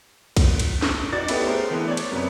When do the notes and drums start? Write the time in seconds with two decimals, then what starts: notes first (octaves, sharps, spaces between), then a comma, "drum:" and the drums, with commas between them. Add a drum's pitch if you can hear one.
0.37 drum: kick, cymbal
0.59 drum: cymbal
0.82 drum: snare
1.12 A1 D#4 F#4 D5 A6
1.28 A3 B3 C#4 E4 G4 B4, drum: cymbal
1.46 G#4 A#4 C5
1.70 D3 E3 A3 B3
1.88 C#5 D5
1.97 drum: cymbal
2.12 F#2 C3 B3 B4